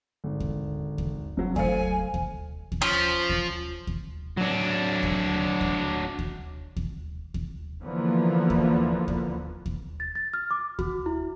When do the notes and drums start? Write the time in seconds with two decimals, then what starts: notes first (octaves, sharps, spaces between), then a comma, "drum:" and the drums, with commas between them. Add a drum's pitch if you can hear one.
0.24 G#1 D3
0.40 drum: kick D#2
0.98 drum: kick D#2
1.37 F#1 G2 F#3 C4
1.56 F#3 A3 C5 F5 G#5 C#7, drum: kick D#2
2.14 drum: kick D#2
2.72 drum: kick D#2
2.82 F3 C#4
3.30 drum: kick D#2
3.87 drum: kick D#2
4.37 F#3 D4
5.03 drum: kick D#2
5.61 drum: kick D#2
6.19 drum: kick D#2
6.76 drum: kick D#2
7.34 drum: kick D#2
7.83 D3 E3 F3 A#3 B3
8.50 drum: kick D#2
9.08 drum: kick D#2
9.66 drum: kick D#2
10.00 A6
10.15 A6
10.34 F6
10.51 D6
10.79 F#4, drum: kick D#2
11.06 E4